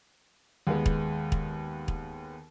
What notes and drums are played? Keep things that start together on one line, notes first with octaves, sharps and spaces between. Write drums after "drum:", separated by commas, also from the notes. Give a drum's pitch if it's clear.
D#2 G#3 B3
drum: kick
drum: kick
drum: kick